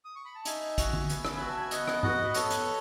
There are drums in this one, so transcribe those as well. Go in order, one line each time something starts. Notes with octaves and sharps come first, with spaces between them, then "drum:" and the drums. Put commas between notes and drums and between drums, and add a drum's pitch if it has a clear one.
D#6
C#6
B5
A5
D#4 E5 G#5, drum: hi-hat
F#4, drum: kick, hi-hat
drum: tom D3
B3, drum: hi-hat
drum: rim click
F#4 B5
A5
G#5
B3 D#5 F#5, drum: hi-hat
drum: rim click
F#4 D#5 F#5, drum: tom G2
B4
B3 A4 C#5, drum: hi-hat
drum: hi-hat